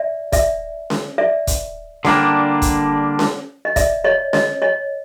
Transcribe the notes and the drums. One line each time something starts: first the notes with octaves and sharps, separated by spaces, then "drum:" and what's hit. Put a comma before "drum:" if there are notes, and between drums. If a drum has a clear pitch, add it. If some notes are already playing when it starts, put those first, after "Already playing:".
Already playing: D5 E5
D5 E5, drum: kick, hi-hat
drum: snare C#4
D5 E5
drum: kick, hi-hat
D3 G3 A#3 D4, drum: snare C#4
drum: kick, hi-hat
drum: snare C#4
D#5
D5 E5, drum: kick, hi-hat
C#5 D#5
C#5 D#5, drum: snare C#4
C#5 D#5